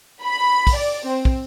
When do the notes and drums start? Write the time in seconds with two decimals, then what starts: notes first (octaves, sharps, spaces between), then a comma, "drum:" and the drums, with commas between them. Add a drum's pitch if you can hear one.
0.23 B5
0.67 drum: kick, open hi-hat
0.76 D5
1.06 C4
1.25 drum: kick